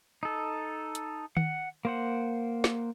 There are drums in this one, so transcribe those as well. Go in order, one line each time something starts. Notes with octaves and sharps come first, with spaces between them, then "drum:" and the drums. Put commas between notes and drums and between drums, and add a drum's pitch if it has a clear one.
D#4 A4
drum: hi-hat
F#5, drum: tom D#3
A#3 C5 F#5
drum: snare